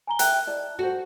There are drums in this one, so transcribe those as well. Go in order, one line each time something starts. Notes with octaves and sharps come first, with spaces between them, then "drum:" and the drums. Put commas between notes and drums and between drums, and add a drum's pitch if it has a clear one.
G#5 A#5 G7
A#4 E5 G5 F#6, drum: hi-hat
E4 D5 A5
F#4 A4 C5